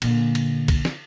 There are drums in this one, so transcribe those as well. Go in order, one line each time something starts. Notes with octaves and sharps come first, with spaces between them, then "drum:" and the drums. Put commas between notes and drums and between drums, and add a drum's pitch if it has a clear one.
A#2 D3, drum: cymbal
drum: cymbal
drum: kick, cymbal
drum: snare